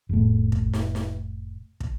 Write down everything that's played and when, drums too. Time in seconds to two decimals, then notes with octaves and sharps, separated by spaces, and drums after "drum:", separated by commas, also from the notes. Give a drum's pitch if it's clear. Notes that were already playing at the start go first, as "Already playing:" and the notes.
0.09 F1 A2
0.52 drum: kick
0.73 drum: snare
0.95 drum: snare
1.80 drum: kick